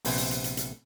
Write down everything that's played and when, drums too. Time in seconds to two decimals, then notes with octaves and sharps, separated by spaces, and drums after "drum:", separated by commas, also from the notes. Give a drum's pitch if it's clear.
0.05 A#1 C3 B3 C5 G#5, drum: open hi-hat
0.18 drum: hi-hat
0.31 drum: hi-hat
0.44 drum: hi-hat
0.57 drum: hi-hat